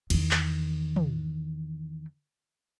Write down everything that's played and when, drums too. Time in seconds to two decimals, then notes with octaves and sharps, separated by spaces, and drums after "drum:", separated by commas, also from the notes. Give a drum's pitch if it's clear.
0.10 E2 D#3, drum: cymbal
0.31 drum: clap
0.96 drum: tom